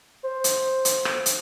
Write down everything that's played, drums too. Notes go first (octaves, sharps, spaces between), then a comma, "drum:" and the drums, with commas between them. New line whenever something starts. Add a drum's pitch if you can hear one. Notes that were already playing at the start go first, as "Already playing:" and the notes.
C5
drum: hi-hat
drum: hi-hat
drum: rim click
drum: hi-hat